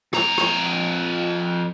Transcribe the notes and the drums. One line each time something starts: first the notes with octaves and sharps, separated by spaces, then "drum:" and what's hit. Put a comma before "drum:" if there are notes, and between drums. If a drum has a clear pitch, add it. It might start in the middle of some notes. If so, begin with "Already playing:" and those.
F2 A#5, drum: rim click
drum: rim click